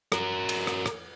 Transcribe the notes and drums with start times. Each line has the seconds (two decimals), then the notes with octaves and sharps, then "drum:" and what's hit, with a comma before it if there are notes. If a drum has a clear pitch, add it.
0.12 F#4 A#4, drum: rim click
0.49 drum: cymbal
0.67 drum: rim click
0.86 drum: rim click